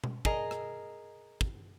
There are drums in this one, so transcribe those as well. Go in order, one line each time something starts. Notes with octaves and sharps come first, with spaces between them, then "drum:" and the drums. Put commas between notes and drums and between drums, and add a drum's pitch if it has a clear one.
drum: tom B2
G#4 A#4 D#5, drum: kick
drum: rim click
drum: kick